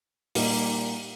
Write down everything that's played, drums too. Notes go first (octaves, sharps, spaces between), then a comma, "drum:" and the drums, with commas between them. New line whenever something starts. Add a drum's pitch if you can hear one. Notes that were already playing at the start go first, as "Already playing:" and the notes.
A#2 G3 A#3 D#4, drum: open hi-hat